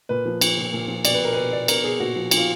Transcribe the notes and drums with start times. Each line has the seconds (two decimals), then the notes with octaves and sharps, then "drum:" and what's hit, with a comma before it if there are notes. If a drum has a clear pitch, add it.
0.09 A#2 B4
0.25 F3
0.41 F3, drum: cymbal
0.57 A#2
0.73 A#2
0.88 F3
1.05 B2 D5, drum: cymbal
1.14 B4
1.20 B2 A#4
1.34 B2 B4
1.53 B2 D5
1.68 B2 A#4, drum: cymbal
1.84 B2 G#4
2.00 A#2 F#4
2.16 F3
2.31 F3, drum: cymbal
2.37 F4